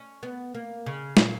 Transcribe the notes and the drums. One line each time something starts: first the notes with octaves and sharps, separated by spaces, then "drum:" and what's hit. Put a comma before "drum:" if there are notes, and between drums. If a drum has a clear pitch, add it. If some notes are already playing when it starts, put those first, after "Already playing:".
Already playing: C#4
B3
A#3
C#3
A#2, drum: snare